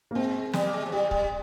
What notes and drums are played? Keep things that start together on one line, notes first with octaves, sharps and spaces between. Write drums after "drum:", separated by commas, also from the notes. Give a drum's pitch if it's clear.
A#3
G#3 C4
G3, drum: snare
A#3
G#3
F3
G3 G4
G3, drum: kick